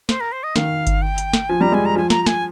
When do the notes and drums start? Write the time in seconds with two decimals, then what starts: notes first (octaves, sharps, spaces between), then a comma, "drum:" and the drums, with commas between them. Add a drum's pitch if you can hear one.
0.09 C5, drum: snare
0.20 A#4
0.32 C5
0.43 D#5
0.56 D#3 F5, drum: snare
0.87 drum: kick G1, hi-hat
1.02 G5
1.18 drum: hi-hat
1.33 drum: snare
1.49 F3 G#5
1.61 G3 A#5
1.72 G#3 G#5
1.85 A#5
1.95 F3 G#5
2.10 A#5, drum: snare
2.22 A#5
2.26 G#5, drum: snare